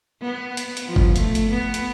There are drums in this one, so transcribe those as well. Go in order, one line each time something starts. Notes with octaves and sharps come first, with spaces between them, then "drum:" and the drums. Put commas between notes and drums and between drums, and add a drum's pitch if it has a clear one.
B3
drum: hi-hat
drum: hi-hat
F3
drum: kick G1
A3, drum: hi-hat
drum: hi-hat
B3
drum: hi-hat